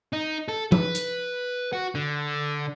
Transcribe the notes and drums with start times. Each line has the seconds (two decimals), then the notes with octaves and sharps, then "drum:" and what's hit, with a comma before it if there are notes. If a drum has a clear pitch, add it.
0.13 D#4
0.48 A4
0.72 B4, drum: tom F3
0.95 drum: hi-hat
1.73 F#4
1.95 D3